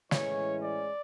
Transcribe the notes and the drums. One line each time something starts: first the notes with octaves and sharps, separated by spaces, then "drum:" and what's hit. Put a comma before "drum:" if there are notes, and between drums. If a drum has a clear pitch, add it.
A2 E3 G#3 C#4 C#5, drum: snare
D5